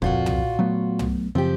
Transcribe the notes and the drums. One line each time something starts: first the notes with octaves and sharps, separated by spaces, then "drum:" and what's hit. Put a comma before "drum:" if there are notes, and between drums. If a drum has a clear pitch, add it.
F2 A#2 F4 F#4, drum: kick
drum: tom
F#3 A3 B3
drum: tom
F#2 C#3 F3 C4 G4